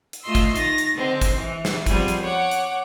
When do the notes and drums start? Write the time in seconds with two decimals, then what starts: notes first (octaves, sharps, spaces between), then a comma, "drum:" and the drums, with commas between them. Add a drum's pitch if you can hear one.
0.13 drum: hi-hat
0.22 A3 F4 D#5 C6 E6
0.35 drum: kick, hi-hat
0.56 D#3 A6 A#6, drum: hi-hat
0.78 drum: hi-hat
0.95 D3 G#3 C4
1.21 drum: kick, hi-hat
1.36 E3
1.65 drum: snare
1.86 F2 F3 G3 B3 G#4, drum: kick, hi-hat
2.08 drum: hi-hat
2.22 C#5 F#5 D6
2.51 drum: hi-hat